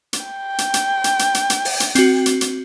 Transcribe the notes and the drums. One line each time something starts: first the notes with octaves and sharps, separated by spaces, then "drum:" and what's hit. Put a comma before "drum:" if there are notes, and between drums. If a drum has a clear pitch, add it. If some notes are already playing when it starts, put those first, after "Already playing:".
drum: hi-hat
G5
drum: hi-hat
drum: hi-hat
drum: hi-hat
drum: hi-hat
drum: hi-hat
drum: hi-hat
drum: open hi-hat
drum: hi-hat
C4 F#4, drum: hi-hat
drum: hi-hat
drum: hi-hat